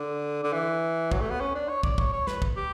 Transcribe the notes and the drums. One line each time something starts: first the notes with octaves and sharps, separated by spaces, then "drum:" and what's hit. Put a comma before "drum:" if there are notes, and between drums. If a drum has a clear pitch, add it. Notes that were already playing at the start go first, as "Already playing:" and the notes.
Already playing: D3
D3
E3
F#3, drum: kick
A3
B3
C#4
D4
C#5
D5, drum: kick
C#5, drum: kick
C#5
B4, drum: snare
drum: kick
G4